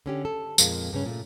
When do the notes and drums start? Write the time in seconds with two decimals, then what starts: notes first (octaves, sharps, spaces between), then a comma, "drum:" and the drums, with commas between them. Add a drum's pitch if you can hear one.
0.06 D3 C#4 G4
0.25 A4
0.58 F2 A#2 G#3 A#3, drum: tambourine
0.93 G2 C#3 C#4
1.06 A#2 A3